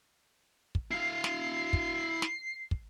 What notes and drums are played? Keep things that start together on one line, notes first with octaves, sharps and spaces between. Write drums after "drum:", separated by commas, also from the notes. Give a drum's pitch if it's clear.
drum: kick
E4 F5 C7
drum: snare
drum: kick
drum: snare
drum: kick